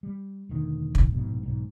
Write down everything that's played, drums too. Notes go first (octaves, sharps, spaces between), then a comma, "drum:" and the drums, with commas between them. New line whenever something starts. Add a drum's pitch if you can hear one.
G3
E1 D2 D#3
drum: kick
A#1 G#2 B2
B1 G#2